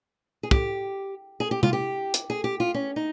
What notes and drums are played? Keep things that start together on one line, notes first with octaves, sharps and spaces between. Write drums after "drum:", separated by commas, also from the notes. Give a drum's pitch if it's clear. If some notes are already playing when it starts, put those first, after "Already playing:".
G#4
G4, drum: kick
G#4
G4
F4, drum: tom C3
G4
drum: hi-hat
G#4
G4
F4
C#4
D#4